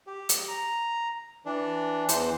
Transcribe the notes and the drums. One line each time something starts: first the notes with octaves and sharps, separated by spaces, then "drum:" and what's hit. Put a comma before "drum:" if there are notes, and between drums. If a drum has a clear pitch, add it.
G4
drum: hi-hat
A#5
E3 D4
E2 E3 C5, drum: hi-hat